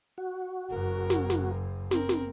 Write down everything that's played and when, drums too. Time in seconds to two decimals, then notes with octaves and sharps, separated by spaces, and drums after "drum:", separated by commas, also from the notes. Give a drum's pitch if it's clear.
0.18 F#4
0.70 F#1 F#2 A#4
1.10 drum: snare
1.30 drum: snare
1.91 C4 A#4, drum: snare
2.09 drum: snare